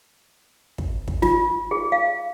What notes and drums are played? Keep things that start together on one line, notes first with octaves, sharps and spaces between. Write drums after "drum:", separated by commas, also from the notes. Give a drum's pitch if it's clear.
drum: kick
drum: kick
F4, drum: snare
G#4
F5